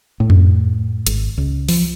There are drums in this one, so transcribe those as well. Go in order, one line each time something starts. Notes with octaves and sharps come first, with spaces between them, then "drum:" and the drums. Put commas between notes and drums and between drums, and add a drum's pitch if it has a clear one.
A2
drum: tom F2
G#1, drum: hi-hat
C#2
F3, drum: open hi-hat